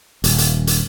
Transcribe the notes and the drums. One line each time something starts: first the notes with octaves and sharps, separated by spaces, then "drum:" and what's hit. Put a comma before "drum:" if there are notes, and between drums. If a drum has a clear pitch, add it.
D#1, drum: hi-hat
drum: hi-hat
drum: hi-hat